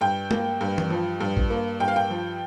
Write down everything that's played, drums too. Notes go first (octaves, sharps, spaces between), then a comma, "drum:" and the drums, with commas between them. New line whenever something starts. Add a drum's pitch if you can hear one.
G2 G5
A#3, drum: tom G#3
G2
drum: tom E3
F3
G2
drum: kick A1
A#3
G2 G5
F5
G5
F3